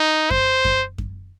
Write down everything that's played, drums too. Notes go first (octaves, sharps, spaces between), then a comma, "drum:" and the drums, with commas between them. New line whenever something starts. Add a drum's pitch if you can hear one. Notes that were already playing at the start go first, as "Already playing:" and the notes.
Already playing: D#4
C5, drum: kick F#2
drum: kick F#2
drum: kick F#2